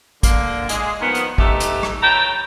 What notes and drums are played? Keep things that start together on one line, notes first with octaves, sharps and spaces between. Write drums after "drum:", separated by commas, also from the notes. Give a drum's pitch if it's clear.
D3 A#3, drum: kick, hi-hat
G#3, drum: hi-hat
D#3 F3 B3
drum: hi-hat
A3 D#4 G4 B4 E5, drum: kick
drum: hi-hat
drum: rim click
B4 C#5 G5 A5 A#5